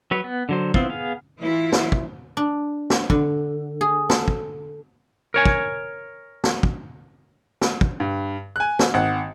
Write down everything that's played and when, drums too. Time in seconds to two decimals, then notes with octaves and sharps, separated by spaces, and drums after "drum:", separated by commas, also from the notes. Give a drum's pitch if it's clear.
0.11 F#3 B4 C#5
0.24 B3
0.49 D3 F#3 C5
0.74 B3 C4 E4 F4 C5, drum: kick
0.89 B3 G#4 F5
1.40 E3 E4 F4
1.72 drum: snare
1.92 drum: kick
2.37 D4
2.90 drum: snare
3.10 D3, drum: kick
3.81 G#4
4.10 A4, drum: snare
4.28 drum: kick
5.34 A#4 C#5 G#5
5.45 drum: kick
6.44 drum: snare
6.63 drum: kick
7.61 drum: snare
7.81 drum: kick
8.00 G2
8.56 G#5 F#6
8.79 drum: snare
8.94 G#1 F#5